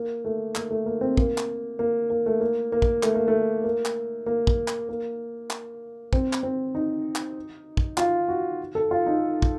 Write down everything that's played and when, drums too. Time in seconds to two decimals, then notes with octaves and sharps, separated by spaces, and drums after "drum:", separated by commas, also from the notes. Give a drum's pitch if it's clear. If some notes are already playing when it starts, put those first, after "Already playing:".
Already playing: A#3
0.25 A3
0.55 A#3, drum: clap
0.71 A3
0.86 A#3
1.01 C4
1.17 A#3, drum: kick
1.38 drum: clap
1.79 A#3
2.10 A#3
2.26 A3
2.41 A#3
2.72 A#3
2.82 drum: kick
3.03 A3, drum: clap
3.15 A#3
3.28 A3
3.64 A#3
3.85 drum: clap
4.26 A#3
4.47 drum: kick
4.68 drum: clap
4.89 A#3
5.50 drum: clap
6.13 C4, drum: kick
6.33 drum: clap
6.43 C4
6.75 D#4
7.15 drum: clap
7.77 drum: kick
7.97 F4, drum: clap
8.28 F#4
8.75 A4
8.91 F4
9.06 D#4
9.42 drum: kick